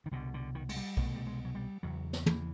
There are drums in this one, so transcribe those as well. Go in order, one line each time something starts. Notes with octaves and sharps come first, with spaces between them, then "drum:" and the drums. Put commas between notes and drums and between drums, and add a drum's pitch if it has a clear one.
D#3
C2 B2 D3
D3
D#3
G#3, drum: cymbal
G3
C2 B2 A3, drum: kick B1
G3
G#3
F#3
G3
E2 C#3 F#3
drum: snare
E3, drum: tom